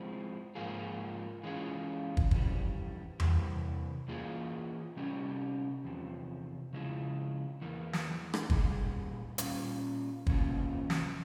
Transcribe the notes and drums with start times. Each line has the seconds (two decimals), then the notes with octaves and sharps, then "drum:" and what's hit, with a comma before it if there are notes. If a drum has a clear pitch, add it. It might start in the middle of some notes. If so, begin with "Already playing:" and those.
Already playing: F3 G#3 C4 E4
0.55 G#2 F3 A#3 F4 G#4
1.43 E3 G#3 C#4 F4 G#4
2.17 drum: kick
2.31 F2 E3 G3, drum: kick
3.20 C3 E3 G3, drum: tom E2
4.08 E3 A#3 F4 G#4
4.97 C3 G3 C#4 G4
5.84 E2 C3 F3
6.73 C#3 F3 G#3 E4
7.61 E2 E3 A#3
7.93 drum: snare
8.34 drum: rim click
8.50 A#2 G3 G#4, drum: kick
9.38 A#2 G3 C#4 F4, drum: hi-hat
10.27 C3 E3 A#3 C#4 F4, drum: kick
10.90 drum: snare